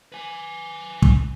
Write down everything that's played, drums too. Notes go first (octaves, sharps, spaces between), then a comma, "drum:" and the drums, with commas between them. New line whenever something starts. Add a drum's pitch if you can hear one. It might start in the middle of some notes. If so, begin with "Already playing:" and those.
B4 G#5
drum: kick